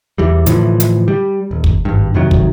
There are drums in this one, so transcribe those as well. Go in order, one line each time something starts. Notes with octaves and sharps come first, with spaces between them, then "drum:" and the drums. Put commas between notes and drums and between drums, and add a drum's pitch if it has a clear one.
E2 E3 G3
A2 D3 E3 F3, drum: hi-hat
drum: hi-hat
G3
D#1
drum: kick
G#1 G2
F2 C3 D#3 F#3
drum: kick